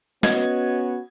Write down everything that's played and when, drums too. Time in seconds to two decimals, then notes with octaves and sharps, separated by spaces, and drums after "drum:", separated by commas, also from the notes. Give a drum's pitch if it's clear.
0.23 B3 C#4 F#4 D#5 G#6, drum: snare